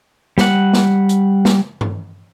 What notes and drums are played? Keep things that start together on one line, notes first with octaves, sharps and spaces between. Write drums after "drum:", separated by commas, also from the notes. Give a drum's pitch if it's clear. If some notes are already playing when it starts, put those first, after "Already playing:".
G3 F#5, drum: snare
drum: snare
drum: hi-hat
drum: snare
drum: tom G2